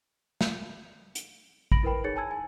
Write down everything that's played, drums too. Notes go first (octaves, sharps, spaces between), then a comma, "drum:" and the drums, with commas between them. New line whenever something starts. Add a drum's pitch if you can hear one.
drum: snare
drum: hi-hat
B5 A#6 D7 F#7, drum: kick
E4 A#4 B4 G5 B5
D#4 G#4 C#5 A6 C#7
G#5 A5 E6 G#6
G#5